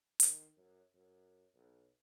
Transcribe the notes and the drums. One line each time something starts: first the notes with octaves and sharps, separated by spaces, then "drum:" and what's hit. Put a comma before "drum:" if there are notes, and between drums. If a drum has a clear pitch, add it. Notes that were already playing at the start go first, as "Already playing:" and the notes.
D#3, drum: hi-hat
F#2
F#2
B1